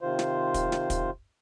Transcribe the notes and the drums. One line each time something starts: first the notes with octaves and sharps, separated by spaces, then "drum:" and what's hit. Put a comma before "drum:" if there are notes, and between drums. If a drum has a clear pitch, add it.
C3 D#3 F4 C5
drum: snare
drum: kick, hi-hat
drum: snare
drum: kick, hi-hat